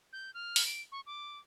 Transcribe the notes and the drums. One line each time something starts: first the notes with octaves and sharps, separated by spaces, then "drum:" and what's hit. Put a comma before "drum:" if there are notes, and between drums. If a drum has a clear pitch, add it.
G6
F6
drum: open hi-hat
D7
C#6
D6